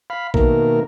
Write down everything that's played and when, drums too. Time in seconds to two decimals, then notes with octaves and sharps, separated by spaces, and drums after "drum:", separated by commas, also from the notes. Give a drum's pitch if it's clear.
0.10 F5 B5
0.34 B2 D#3 A3 A#3 A#4, drum: kick